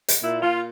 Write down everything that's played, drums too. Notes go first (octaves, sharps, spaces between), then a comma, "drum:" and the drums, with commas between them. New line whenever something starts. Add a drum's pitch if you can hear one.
drum: hi-hat
A#2 E4
A#2 F4